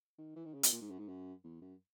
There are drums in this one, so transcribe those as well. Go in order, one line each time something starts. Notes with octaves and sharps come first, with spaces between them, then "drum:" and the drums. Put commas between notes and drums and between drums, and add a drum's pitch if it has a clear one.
D#3
E3
D#3
C#3
B2, drum: hi-hat
A#2
G#2
F#2
G#2
F#2
E2
F#2